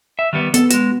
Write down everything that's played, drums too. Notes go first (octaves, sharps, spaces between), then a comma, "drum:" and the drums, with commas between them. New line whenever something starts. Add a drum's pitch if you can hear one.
E5
D#3 G3 B3
B3 A4, drum: hi-hat
G#3 F#4, drum: hi-hat